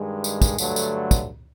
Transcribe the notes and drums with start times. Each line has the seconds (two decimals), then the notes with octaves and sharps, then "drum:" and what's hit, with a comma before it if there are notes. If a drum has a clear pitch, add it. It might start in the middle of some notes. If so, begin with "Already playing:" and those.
Already playing: G2 D#3 G#3
0.24 drum: tambourine
0.42 drum: kick, tambourine
0.58 G2 D3 F#3 A3, drum: tambourine
0.76 drum: tambourine
1.11 drum: kick, tambourine